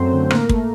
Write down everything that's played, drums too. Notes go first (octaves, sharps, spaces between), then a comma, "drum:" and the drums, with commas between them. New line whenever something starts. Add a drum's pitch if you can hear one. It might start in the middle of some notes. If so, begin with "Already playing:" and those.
Already playing: F#2 F#3 A3 C4 C5
D3
A2 A#3 A#4, drum: rim click
A3, drum: kick